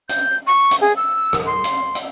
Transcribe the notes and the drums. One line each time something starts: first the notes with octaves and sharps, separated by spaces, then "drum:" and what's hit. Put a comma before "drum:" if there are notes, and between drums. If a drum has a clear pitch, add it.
G6, drum: hi-hat
C#6
drum: hi-hat
G#4
E6
drum: rim click
C6
drum: hi-hat
drum: hi-hat